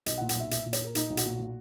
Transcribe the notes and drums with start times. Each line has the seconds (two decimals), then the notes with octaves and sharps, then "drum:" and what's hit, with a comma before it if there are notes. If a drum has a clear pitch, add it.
0.06 B1 D#5, drum: hi-hat
0.18 F#5
0.21 A#2
0.29 F#5, drum: hi-hat
0.36 B1 E5
0.51 A#2 E5, drum: hi-hat
0.66 A#2
0.73 C#5, drum: hi-hat
0.81 A#2 A#4
0.95 A#2 D#4, drum: hi-hat
1.10 B1
1.17 F#4, drum: hi-hat
1.25 A#2
1.39 A#2